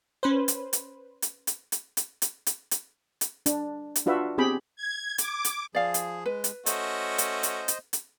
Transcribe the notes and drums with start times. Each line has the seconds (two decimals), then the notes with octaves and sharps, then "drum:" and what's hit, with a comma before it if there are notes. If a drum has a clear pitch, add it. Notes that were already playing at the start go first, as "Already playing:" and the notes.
0.23 C#4 B4 C5
0.48 drum: hi-hat
0.73 drum: hi-hat
1.22 drum: hi-hat
1.47 drum: hi-hat
1.72 drum: hi-hat
1.97 drum: hi-hat
2.22 drum: hi-hat
2.47 drum: hi-hat
2.71 drum: hi-hat
3.21 drum: hi-hat
3.46 D4, drum: hi-hat
3.95 drum: hi-hat
4.06 D4 F4 F#4 B4 E5
4.38 B3 C4 G4 G#4 G5 B5
4.76 G#6
5.18 D6, drum: hi-hat
5.44 drum: hi-hat
5.75 F3 G#4 D5 F5
5.94 drum: hi-hat
6.26 G#3 B4
6.44 drum: hi-hat
6.66 A3 C#4 F#4 C5 D#5, drum: hi-hat
7.18 drum: hi-hat
7.43 drum: hi-hat
7.68 drum: hi-hat
7.93 drum: hi-hat